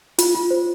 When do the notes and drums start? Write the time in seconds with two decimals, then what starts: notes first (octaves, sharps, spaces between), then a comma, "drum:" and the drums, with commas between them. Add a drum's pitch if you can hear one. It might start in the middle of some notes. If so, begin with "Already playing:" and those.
0.19 F4, drum: hi-hat
0.35 F4
0.51 C5